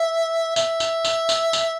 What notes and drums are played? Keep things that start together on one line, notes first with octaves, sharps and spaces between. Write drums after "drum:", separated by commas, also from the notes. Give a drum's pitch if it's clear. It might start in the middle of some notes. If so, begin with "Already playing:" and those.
Already playing: E5
E5, drum: tambourine
drum: tambourine
drum: tambourine
drum: tambourine
drum: tambourine